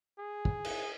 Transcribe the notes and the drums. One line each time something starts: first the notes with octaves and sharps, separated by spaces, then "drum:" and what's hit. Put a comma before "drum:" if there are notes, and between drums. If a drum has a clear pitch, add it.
G#4
drum: kick
drum: cymbal